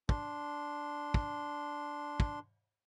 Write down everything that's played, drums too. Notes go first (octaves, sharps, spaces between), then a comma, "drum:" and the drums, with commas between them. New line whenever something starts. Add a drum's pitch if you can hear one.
D4 C6, drum: kick
drum: kick
drum: kick